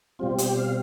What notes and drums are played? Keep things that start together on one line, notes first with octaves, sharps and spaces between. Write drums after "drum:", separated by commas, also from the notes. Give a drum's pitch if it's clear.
B2 G3 C4 F4
G4, drum: hi-hat
F5